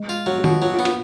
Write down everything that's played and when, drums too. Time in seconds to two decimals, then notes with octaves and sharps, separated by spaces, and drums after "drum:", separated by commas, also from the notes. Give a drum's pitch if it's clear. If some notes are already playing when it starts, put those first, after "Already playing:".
Already playing: G#3
0.09 F4
0.26 F#3 F#4
0.38 F#4
0.44 B2, drum: tom
0.49 F4
0.62 F#3 F4
0.73 F4
0.79 B3
0.85 F4, drum: hi-hat